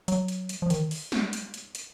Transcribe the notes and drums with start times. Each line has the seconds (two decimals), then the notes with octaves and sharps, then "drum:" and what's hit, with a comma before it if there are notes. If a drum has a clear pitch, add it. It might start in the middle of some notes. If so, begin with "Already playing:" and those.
0.08 F#3, drum: hi-hat
0.28 drum: hi-hat
0.49 drum: hi-hat
0.62 F3
0.70 D#3, drum: hi-hat
0.91 drum: open hi-hat
1.12 drum: snare
1.33 drum: hi-hat
1.54 drum: hi-hat
1.75 drum: hi-hat